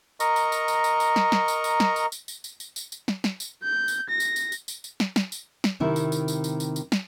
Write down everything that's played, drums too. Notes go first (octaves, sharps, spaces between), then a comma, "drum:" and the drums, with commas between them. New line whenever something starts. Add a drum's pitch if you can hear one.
A#4 D#5 A#5 C#6, drum: tambourine
drum: tambourine
drum: tambourine
drum: tambourine
drum: tambourine
drum: tambourine
drum: snare
drum: snare
drum: tambourine
drum: tambourine
drum: snare
drum: tambourine
drum: tambourine
drum: tambourine
drum: tambourine
drum: tambourine
drum: tambourine
drum: tambourine
drum: snare
drum: snare
drum: tambourine
G6
drum: tambourine
A#6
drum: tambourine
drum: tambourine
drum: tambourine
drum: tambourine
drum: tambourine
drum: snare
drum: snare
drum: tambourine
drum: snare
C3 D#3 E4
drum: tambourine
drum: tambourine
drum: tambourine
drum: tambourine
drum: tambourine
drum: tambourine
drum: snare